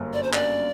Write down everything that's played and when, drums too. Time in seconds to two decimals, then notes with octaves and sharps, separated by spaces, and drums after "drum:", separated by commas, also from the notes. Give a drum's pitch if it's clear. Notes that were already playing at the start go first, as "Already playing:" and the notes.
Already playing: G1 F#2 A#3
0.13 D5
0.23 C5
0.33 D5, drum: clap